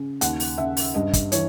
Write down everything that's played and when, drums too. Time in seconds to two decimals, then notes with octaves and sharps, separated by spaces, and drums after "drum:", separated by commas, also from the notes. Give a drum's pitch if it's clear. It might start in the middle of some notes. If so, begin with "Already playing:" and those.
Already playing: C#3
0.21 D#2 F#5, drum: hi-hat
0.40 drum: open hi-hat
0.58 C#3 E5
0.77 drum: open hi-hat
0.94 G2 D#5
1.13 drum: kick, hi-hat
1.32 E3 C#5, drum: hi-hat